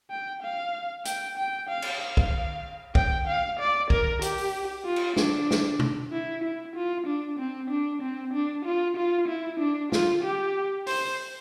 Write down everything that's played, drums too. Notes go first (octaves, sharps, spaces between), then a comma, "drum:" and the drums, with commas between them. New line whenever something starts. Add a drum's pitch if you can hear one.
G5
F5
G5, drum: hi-hat
G5
F5
drum: cymbal
F5
drum: kick
G5, drum: kick
F5
D5
A#4, drum: kick
G4, drum: hi-hat
drum: open hi-hat
F4
drum: cymbal
D4, drum: snare
drum: snare
drum: tom
E4
E4
F4
D4
C4
D4
C4
D4
F4
F4
E4
D4
F4, drum: snare
G4
C5, drum: open hi-hat